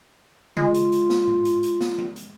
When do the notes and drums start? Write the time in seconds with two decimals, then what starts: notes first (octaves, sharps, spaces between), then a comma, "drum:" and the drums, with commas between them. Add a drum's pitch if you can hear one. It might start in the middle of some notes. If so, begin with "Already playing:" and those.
0.57 G#3 F4, drum: tom C#3
0.74 drum: hi-hat
0.92 drum: hi-hat
1.10 drum: snare
1.27 drum: tom G#2
1.45 drum: hi-hat
1.63 drum: hi-hat
1.81 drum: snare
1.98 drum: tom F3
2.16 drum: hi-hat